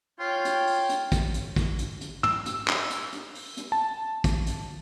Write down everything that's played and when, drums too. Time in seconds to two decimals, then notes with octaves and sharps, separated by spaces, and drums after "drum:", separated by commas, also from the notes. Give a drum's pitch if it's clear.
0.19 F4 C#5 G5
0.45 drum: hi-hat
0.67 drum: open hi-hat
0.89 drum: hi-hat
1.12 drum: kick, hi-hat
1.34 drum: hi-hat
1.56 drum: kick, hi-hat
1.79 drum: hi-hat
2.01 drum: hi-hat
2.23 E6, drum: tom
2.46 drum: hi-hat
2.68 drum: clap
2.90 drum: hi-hat
3.13 drum: hi-hat
3.35 drum: open hi-hat
3.57 drum: hi-hat
3.72 A5
4.24 drum: kick, hi-hat
4.46 drum: hi-hat